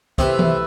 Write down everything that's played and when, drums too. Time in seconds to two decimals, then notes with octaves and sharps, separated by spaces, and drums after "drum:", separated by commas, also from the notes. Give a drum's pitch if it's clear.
0.18 C3 A3 E4 B4 E5, drum: kick, hi-hat
0.39 drum: tom E3